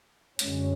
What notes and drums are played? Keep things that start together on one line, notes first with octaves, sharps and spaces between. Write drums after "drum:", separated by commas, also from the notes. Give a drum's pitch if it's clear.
F#2 D3 G#3 C#4, drum: hi-hat